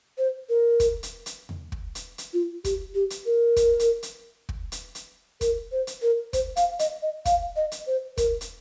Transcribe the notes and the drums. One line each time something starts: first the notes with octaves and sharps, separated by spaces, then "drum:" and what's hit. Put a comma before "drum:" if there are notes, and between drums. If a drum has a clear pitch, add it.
C5
A#4
drum: kick, hi-hat
drum: hi-hat
drum: hi-hat
drum: tom E2
drum: kick
drum: hi-hat
drum: hi-hat
F4
G4, drum: kick, hi-hat
G4
drum: hi-hat
A#4
drum: kick, hi-hat
drum: hi-hat
drum: hi-hat
drum: kick
drum: hi-hat
drum: hi-hat
A#4, drum: kick, hi-hat
C5
drum: hi-hat
A#4
C5, drum: kick, hi-hat
F5, drum: hi-hat
D#5, drum: hi-hat
D#5
F5, drum: kick, hi-hat
D#5
drum: hi-hat
C5
A#4, drum: kick, hi-hat
drum: hi-hat